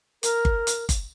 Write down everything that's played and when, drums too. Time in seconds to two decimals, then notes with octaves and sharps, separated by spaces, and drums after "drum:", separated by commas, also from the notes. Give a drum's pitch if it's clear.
0.23 A#4, drum: hi-hat
0.45 drum: kick G1
0.67 drum: hi-hat
0.89 drum: kick G1, hi-hat